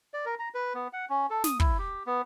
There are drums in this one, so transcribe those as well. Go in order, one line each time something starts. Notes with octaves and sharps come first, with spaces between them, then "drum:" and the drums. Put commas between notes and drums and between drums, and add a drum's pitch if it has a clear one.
D5
A#4
A#5
B4
B3
F#5
C#4
A4
D#6, drum: snare
E4, drum: kick
G4
B3